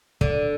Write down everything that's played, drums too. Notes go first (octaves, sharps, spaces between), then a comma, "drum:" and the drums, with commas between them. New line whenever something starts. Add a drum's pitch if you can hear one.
D3, drum: kick